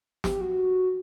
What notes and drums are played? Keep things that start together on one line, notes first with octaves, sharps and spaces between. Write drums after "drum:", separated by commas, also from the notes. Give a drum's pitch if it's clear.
G4, drum: snare
F#4